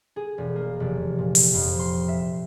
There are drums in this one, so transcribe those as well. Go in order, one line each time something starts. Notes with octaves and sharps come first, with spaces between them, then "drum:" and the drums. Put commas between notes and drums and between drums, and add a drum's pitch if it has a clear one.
G#4
E1
A#3
F1
A#2
drum: open hi-hat
F2
C6
E5